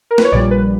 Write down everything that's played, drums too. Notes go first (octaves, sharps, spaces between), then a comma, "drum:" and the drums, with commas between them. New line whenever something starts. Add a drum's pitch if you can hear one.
A#4
B4, drum: snare
C#5
A#1 A#2 G3 D5
B4